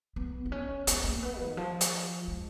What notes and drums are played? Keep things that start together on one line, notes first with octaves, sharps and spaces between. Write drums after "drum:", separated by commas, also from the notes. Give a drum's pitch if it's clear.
B3
B3
C#4
B3, drum: hi-hat
A#3
B3
D#3
F3
drum: hi-hat
G#3